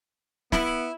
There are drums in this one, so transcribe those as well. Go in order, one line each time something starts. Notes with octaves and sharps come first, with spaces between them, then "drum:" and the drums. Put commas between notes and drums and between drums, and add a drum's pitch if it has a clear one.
B3 E4, drum: snare